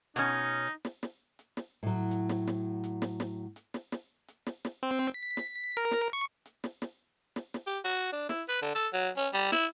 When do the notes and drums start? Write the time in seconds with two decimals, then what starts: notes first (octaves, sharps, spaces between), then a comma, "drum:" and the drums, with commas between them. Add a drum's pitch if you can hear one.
0.16 B2 C#4 D#4
0.67 drum: hi-hat
0.85 drum: snare
1.03 drum: snare
1.39 drum: hi-hat
1.57 drum: snare
1.83 A2 F#3
2.11 drum: hi-hat
2.29 drum: snare
2.47 drum: snare
2.84 drum: hi-hat
3.02 drum: snare
3.20 drum: snare
3.56 drum: hi-hat
3.74 drum: snare
3.92 drum: snare
4.28 drum: hi-hat
4.47 drum: snare
4.65 drum: snare
4.83 C4
5.01 drum: hi-hat
5.14 B6
5.37 drum: snare
5.77 A#4
5.91 drum: snare
6.13 C#6
6.46 drum: hi-hat
6.64 drum: snare
6.82 drum: snare
7.36 drum: snare
7.54 drum: snare
7.67 G4
7.85 F#4
8.13 D4
8.29 E4, drum: snare
8.48 B4
8.62 D3, drum: hi-hat
8.75 A4
8.93 F#3
9.17 C#4
9.33 G3, drum: hi-hat
9.52 E4, drum: snare